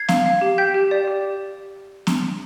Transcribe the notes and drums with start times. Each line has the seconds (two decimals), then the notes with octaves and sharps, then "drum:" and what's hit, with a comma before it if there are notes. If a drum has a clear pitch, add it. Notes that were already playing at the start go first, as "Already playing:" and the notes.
Already playing: G#6 C7
0.08 F5, drum: snare
0.26 F5
0.41 G4
0.58 G5 G6 B6
0.74 G4
0.91 D5
1.08 G4
2.07 drum: snare